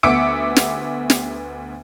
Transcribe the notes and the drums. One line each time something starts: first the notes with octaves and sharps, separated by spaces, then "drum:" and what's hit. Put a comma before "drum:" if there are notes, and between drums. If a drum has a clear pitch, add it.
D2 B3 E5 D6 C#7 D7
drum: snare
drum: snare